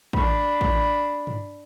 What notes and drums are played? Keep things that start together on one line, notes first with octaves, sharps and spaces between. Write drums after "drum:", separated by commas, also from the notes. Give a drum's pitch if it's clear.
D4 B5, drum: kick
drum: kick
drum: tom G2